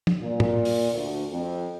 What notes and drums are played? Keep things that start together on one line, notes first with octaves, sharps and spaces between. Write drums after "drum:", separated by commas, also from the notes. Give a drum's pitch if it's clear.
drum: tom
A#2
drum: tom A2
drum: open hi-hat
D2
F2